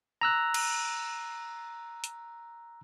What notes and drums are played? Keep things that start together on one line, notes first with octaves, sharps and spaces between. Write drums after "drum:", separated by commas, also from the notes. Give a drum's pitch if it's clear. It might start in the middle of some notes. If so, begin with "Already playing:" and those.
A#5 E6 F#6
drum: cymbal
drum: hi-hat